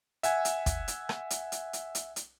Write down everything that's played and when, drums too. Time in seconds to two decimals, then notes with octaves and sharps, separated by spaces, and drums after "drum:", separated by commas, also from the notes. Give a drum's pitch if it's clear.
0.23 E5 F#5 G#5, drum: hi-hat
0.45 drum: hi-hat
0.66 drum: kick, hi-hat
0.88 drum: hi-hat
1.09 drum: rim click
1.30 drum: hi-hat
1.52 drum: hi-hat
1.73 drum: hi-hat
1.95 drum: hi-hat
2.16 drum: hi-hat